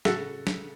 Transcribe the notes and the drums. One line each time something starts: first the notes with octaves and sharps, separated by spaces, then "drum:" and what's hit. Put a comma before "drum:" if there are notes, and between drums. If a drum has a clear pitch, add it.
C#3 F#4 A4, drum: snare
drum: snare